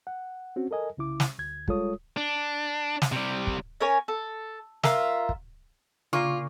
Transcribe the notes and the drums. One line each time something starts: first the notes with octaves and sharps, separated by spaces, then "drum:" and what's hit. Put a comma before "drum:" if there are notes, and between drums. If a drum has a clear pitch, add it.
F#5
C4 C#4 F#4
A4 A#4 D#5 G#5
C2 C#3 E4 D6
drum: snare
D2 G#6
G3 G#3 F4 A4 C#5 D#6, drum: kick
D4
drum: snare
C3 G3
drum: kick
C#4 A#4 C#5 G#5
A4
F4 A#4 E5, drum: snare
drum: kick
A#2 C#3 A#3 F4 C#6 D6